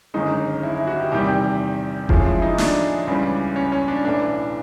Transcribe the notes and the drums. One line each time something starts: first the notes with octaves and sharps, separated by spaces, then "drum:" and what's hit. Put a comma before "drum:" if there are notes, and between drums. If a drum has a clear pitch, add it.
G1 F#2 D#3 G#3 D#4
E4
E4
F#4
G4
E2 C3 D#3 G3 G4
G4
G4
A1 A2 F3 G#3 F4, drum: kick F1
E4
D#4
D4, drum: snare
C#2 C#3 E3 G3
C#4
C#4
D4
B1 A2 E3 D4